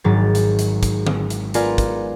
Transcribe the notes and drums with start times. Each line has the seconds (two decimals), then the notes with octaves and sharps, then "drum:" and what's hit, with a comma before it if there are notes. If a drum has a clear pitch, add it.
0.04 G#1 G#2 F#3 A6
0.35 drum: hi-hat
0.59 drum: hi-hat
0.83 drum: kick, hi-hat
1.07 drum: tom D3
1.30 drum: hi-hat
1.54 B3 F4 A#4 D5 G#5, drum: hi-hat
1.78 drum: kick, hi-hat